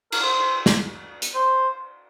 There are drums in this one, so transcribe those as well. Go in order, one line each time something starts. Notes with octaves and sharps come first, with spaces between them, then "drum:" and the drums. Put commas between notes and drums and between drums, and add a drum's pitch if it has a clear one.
A#4, drum: cymbal
C5
drum: snare
drum: hi-hat
C5